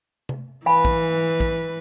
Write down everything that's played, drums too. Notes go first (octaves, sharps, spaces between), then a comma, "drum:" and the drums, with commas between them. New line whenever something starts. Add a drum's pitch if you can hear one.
drum: tom C3
E3 B4 F5 G#5 B5
drum: kick
drum: kick